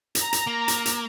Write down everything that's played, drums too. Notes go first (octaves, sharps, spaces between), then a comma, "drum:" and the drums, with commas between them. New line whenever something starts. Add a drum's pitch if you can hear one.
A#5, drum: hi-hat
drum: hi-hat
A#3
drum: hi-hat
drum: hi-hat